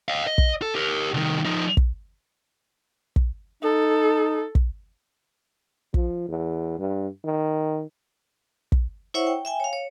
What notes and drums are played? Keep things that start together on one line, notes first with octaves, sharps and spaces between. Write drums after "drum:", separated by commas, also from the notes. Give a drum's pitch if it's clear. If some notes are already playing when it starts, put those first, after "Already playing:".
D#5 F5
D#5
drum: kick
A4
G4 A#4
C2 D#3
F3 D#4
drum: kick
drum: kick
D#4 A4
drum: kick
F3, drum: kick
E2
G2
D#3
drum: kick
E4 C5 C#5 E5 F#5 C#6
G5
E5 G5 G#5
C#5 F5
C#5